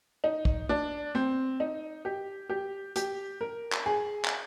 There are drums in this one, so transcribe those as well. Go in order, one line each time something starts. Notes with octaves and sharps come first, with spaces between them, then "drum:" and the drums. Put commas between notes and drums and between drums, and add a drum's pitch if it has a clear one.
D#4
drum: kick
D4
C4
D#4
G4
G4
G4, drum: hi-hat
A#4
drum: clap
G#4
drum: clap